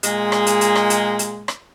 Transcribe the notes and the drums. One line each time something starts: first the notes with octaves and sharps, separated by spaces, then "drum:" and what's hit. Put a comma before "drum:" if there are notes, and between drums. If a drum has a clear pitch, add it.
A#2 G#3, drum: hi-hat
drum: rim click
drum: hi-hat
drum: hi-hat
drum: rim click
drum: hi-hat
drum: hi-hat
drum: rim click